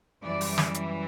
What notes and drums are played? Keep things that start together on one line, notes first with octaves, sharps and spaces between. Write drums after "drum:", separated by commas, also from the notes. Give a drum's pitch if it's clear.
F#2 E3 G3 D5
drum: open hi-hat
drum: snare
drum: hi-hat